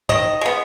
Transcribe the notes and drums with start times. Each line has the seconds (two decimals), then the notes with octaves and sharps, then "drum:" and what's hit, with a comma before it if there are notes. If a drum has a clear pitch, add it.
0.09 D#3 D#5, drum: tom
0.41 G#3 B3